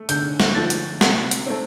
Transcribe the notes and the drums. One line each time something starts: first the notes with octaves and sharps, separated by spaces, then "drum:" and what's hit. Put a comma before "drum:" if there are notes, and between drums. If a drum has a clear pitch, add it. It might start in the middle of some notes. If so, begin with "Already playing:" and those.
Already playing: A3
D3 G6, drum: hi-hat
drum: snare
F3 A3 A6
drum: hi-hat
C3, drum: snare
drum: hi-hat
A3 C4